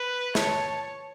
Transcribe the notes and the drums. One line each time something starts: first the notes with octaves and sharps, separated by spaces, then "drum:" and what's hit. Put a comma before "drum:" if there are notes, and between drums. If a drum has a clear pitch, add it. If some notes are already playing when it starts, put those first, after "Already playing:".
Already playing: B4
C#5 A5, drum: snare